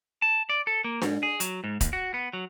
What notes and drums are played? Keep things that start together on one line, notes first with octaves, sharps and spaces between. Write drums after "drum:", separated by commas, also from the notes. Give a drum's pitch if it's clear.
A5
D5
A4
A#3
G#2, drum: snare D4
G#4
F#3, drum: hi-hat
G#2
D#2, drum: kick, hi-hat
F#4
B3
F#3